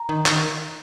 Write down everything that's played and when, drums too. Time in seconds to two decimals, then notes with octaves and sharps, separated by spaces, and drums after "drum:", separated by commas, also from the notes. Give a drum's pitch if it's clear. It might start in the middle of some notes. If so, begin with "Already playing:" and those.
Already playing: A#5
0.09 D#3
0.26 D#3, drum: clap